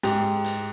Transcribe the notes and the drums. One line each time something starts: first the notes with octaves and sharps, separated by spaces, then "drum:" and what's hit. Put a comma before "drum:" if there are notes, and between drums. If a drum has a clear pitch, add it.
G#2 G4, drum: hi-hat
drum: hi-hat